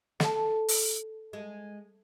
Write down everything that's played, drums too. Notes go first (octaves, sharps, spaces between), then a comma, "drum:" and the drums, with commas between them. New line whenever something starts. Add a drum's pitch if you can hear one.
A4, drum: snare
drum: open hi-hat
G#3